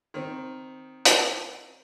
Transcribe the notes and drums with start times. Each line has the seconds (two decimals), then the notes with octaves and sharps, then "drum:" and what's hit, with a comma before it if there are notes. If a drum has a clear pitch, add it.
0.14 D#3 C4
1.05 drum: hi-hat